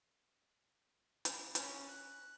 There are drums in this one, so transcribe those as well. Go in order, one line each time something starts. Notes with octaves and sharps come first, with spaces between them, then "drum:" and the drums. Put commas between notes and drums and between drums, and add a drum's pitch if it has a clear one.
drum: hi-hat
C#4, drum: hi-hat
F#6